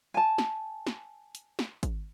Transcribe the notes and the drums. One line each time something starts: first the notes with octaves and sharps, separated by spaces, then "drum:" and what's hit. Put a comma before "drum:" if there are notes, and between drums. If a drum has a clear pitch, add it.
G#5 A5
drum: snare
drum: snare
drum: hi-hat
drum: snare
drum: kick, hi-hat